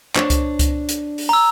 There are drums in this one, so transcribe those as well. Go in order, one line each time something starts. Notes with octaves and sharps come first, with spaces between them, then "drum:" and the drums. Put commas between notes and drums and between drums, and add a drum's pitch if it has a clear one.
D4 C5 C#5, drum: clap
drum: kick C#2, hi-hat
drum: kick C#2, hi-hat
drum: hi-hat
drum: open hi-hat
A#5 E6